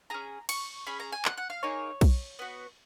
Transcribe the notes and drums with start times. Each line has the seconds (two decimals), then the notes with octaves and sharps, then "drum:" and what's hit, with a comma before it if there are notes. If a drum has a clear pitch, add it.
0.10 C#4 G#4 A#5
0.49 C#6, drum: cymbal
0.86 C#4 G#4 B5
1.00 A#5
1.12 G#5
1.25 F#5, drum: clap
1.37 F#5
1.50 F5
1.63 A#3 D#4 G#4 C#5
2.01 drum: kick, cymbal
2.39 B3 F#4